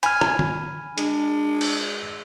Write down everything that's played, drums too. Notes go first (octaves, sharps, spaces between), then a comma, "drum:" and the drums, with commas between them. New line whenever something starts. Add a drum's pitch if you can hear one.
G#5 B5 F6, drum: hi-hat
drum: rim click
drum: tom
G#3 D4, drum: hi-hat
drum: cymbal